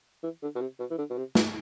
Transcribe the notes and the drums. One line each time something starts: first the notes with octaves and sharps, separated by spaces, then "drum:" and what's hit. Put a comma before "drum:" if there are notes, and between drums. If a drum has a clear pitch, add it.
E3
D3
B2
C3
B2
E3
D3
B2
C3
B2, drum: snare